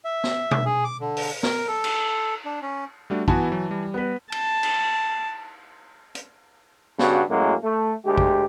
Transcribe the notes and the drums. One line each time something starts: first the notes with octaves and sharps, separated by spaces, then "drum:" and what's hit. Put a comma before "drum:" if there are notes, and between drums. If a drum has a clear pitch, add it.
E5
drum: snare
drum: tom B2
G#4
D6
D3
drum: open hi-hat
A#4, drum: snare
A4
drum: cymbal
D4
C#4
G3 A3 D4 F#4
E3 B3 E4 F#4 G#5 A5, drum: kick
F#3
G3
B3 B4
A5, drum: cymbal
drum: cymbal
drum: hi-hat
G2 C#3 F#4, drum: snare
F#2 A2 F#3 G#3 A#3
A3
D2 G#3 G4
drum: kick